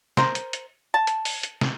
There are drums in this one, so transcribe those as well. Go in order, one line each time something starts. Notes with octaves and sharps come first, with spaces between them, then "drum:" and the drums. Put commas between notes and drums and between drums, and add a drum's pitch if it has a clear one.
A#4 C5, drum: snare
drum: hi-hat
drum: hi-hat
A5
drum: hi-hat
drum: open hi-hat
drum: hi-hat
drum: snare